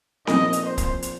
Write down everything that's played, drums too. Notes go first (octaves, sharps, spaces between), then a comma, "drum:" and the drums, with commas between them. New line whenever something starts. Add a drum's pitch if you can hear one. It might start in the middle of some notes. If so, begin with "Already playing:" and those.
A#2 F3 C4 D#4 A#4 D#5, drum: snare C4
drum: hi-hat
C5
drum: kick C#1, hi-hat
drum: hi-hat